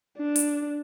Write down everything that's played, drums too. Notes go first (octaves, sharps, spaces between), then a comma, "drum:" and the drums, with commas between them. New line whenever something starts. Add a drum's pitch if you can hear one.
D4
drum: hi-hat